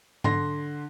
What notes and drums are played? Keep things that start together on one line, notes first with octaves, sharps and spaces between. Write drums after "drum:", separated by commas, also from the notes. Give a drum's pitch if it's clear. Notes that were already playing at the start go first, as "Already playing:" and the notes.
D3 C6 A#6, drum: tom G#2